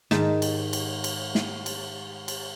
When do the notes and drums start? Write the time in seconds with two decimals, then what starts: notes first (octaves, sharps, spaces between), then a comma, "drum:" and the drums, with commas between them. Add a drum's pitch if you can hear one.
0.11 G#2 D#3 A5, drum: snare
0.42 drum: cymbal
0.73 drum: cymbal
1.04 drum: cymbal
1.35 drum: snare
1.66 drum: cymbal
2.28 drum: cymbal